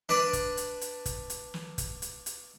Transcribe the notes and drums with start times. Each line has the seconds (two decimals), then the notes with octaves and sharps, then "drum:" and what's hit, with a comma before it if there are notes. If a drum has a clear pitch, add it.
0.09 D4 B4 D5, drum: snare
0.33 drum: kick, hi-hat
0.57 drum: hi-hat
0.81 drum: hi-hat
1.06 drum: kick, hi-hat
1.30 drum: hi-hat
1.54 drum: snare
1.78 drum: kick, hi-hat
2.02 drum: hi-hat
2.26 drum: hi-hat